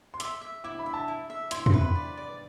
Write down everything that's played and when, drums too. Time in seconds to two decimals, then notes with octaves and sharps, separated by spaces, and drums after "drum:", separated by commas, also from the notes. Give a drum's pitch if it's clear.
0.14 C6
0.20 E5 D6, drum: hi-hat
0.41 E5
0.64 E4 D6
0.79 B5
0.86 E5
0.94 A5
1.08 E4
1.30 E5
1.51 E4 C6, drum: hi-hat
1.66 C6, drum: tom
1.73 B4
1.81 B5
1.95 D5
2.17 D5